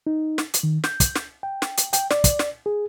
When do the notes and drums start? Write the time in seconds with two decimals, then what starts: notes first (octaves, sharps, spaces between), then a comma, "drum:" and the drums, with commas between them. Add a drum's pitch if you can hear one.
0.07 D#4
0.38 drum: snare
0.54 drum: hi-hat
0.63 D#3
0.84 G6, drum: snare
1.00 drum: kick, hi-hat
1.16 drum: snare
1.43 G5
1.62 drum: snare
1.77 drum: hi-hat
1.93 G5, drum: hi-hat
2.11 D5, drum: snare
2.24 drum: kick, hi-hat
2.39 drum: snare
2.66 G#4